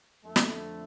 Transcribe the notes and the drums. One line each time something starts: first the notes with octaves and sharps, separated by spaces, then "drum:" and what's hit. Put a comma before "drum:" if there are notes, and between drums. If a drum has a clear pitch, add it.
F2 D3 A3
drum: snare